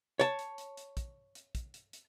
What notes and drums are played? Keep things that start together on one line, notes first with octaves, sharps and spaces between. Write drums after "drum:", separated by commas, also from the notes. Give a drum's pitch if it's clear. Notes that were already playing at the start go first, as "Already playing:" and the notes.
C#5 A5, drum: hi-hat
drum: hi-hat
drum: hi-hat
drum: hi-hat
drum: kick, hi-hat
drum: hi-hat
drum: kick, hi-hat
drum: hi-hat
drum: hi-hat